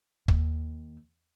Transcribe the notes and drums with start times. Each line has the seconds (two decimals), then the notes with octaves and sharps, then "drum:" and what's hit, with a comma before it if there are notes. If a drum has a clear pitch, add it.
0.28 D#2, drum: kick